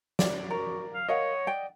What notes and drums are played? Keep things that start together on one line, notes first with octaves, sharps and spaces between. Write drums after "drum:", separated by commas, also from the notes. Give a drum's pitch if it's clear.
D5, drum: snare
F#4 A#4
F5
A#4 C#5 D#5 F5 F#5
D5 G5